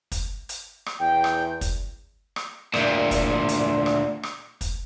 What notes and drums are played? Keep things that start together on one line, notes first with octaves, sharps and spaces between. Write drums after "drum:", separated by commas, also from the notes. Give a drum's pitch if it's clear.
drum: kick, hi-hat
drum: hi-hat
drum: rim click
E2 G5
drum: rim click
drum: kick, hi-hat
drum: rim click
D2 A#2, drum: rim click
drum: kick, hi-hat
drum: hi-hat
drum: rim click
drum: rim click
drum: kick, hi-hat